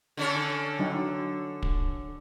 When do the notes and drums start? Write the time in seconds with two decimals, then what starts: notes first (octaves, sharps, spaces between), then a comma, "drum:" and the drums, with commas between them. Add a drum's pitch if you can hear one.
0.17 D3 C#4 A4
0.79 F#3 D4 D#4
1.63 drum: kick